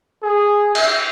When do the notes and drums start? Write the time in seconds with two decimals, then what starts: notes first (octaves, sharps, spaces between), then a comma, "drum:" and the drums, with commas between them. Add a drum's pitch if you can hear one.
0.23 G#4
0.75 E5, drum: cymbal